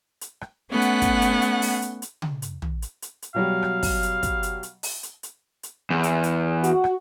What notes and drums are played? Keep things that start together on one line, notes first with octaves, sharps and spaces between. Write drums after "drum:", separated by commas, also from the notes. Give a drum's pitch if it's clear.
drum: hi-hat
drum: rim click
A3 B3 C#4 F#5
drum: hi-hat
drum: kick, hi-hat
drum: hi-hat
drum: hi-hat
drum: open hi-hat
drum: hi-hat
drum: hi-hat
drum: tom C#3
drum: hi-hat
drum: tom
drum: hi-hat
drum: hi-hat
drum: hi-hat
B2 F#3 G3 F5
drum: rim click
drum: kick, open hi-hat
drum: hi-hat
drum: kick, hi-hat
drum: hi-hat
drum: hi-hat
drum: open hi-hat
drum: hi-hat
drum: hi-hat
drum: hi-hat
E2
drum: hi-hat
drum: hi-hat
F#4, drum: hi-hat
drum: rim click